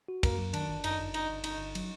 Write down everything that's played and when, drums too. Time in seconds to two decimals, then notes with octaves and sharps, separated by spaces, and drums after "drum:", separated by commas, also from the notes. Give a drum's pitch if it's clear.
0.08 F#4
0.23 F#2 A#3, drum: kick, cymbal
0.38 F#3
0.53 D#3 D4, drum: cymbal
0.69 G1
0.84 F#2 D#4, drum: cymbal
0.99 G1
1.14 G1 D#4, drum: cymbal
1.30 G1
1.44 G1 D#4, drum: cymbal
1.59 G1
1.75 F#3, drum: cymbal